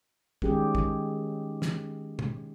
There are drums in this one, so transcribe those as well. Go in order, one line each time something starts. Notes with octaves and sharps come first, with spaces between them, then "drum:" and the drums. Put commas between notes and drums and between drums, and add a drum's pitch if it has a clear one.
D#3 G#3 C#4 G4 G#4, drum: kick
drum: kick
drum: snare
drum: tom